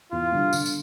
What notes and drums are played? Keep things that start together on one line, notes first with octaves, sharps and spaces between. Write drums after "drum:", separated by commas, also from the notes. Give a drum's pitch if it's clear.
E2 F4
D3 G3
D3, drum: tambourine
drum: tambourine